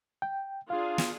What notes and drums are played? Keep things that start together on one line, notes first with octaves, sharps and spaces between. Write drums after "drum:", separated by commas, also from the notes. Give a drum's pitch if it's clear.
G5
D4 F4 G#4 F5
drum: snare